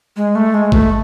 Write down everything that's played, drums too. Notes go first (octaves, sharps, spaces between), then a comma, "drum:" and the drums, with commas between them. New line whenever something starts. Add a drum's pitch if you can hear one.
G#3
A3
G#3
A3, drum: kick G#1